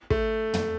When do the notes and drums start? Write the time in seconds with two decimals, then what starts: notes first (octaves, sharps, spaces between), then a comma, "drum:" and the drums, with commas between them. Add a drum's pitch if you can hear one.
0.10 A3, drum: kick
0.54 drum: tom